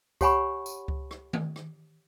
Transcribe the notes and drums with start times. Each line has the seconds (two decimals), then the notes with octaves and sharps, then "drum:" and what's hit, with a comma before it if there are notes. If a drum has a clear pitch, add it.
0.21 G4 C#5 F#5 G#5 B5 C#6, drum: kick C#2, tambourine
0.66 drum: tambourine
0.88 drum: kick C#2
1.11 drum: rim click
1.33 drum: tom D#3
1.56 drum: rim click